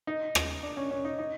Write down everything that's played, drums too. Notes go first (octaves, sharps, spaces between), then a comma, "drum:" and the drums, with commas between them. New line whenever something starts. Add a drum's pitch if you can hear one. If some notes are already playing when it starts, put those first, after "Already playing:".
D#4
drum: rim click
D4
C#4
C#4
D#4
D#4